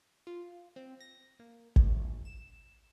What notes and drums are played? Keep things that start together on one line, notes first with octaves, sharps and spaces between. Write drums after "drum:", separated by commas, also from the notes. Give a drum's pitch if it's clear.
F4
C4
A#6
A#3
A2, drum: kick
A#1
E7